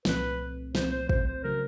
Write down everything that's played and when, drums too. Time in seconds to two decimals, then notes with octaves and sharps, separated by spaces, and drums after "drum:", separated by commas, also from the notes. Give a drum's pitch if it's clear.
0.05 C2 A#2 F3 A3 C4 B4, drum: snare
0.75 C2 A#2 F3 A3 C4 C5, drum: snare
0.92 C5
1.09 C5, drum: kick
1.27 C5
1.43 C#3 F#3 A3 A#4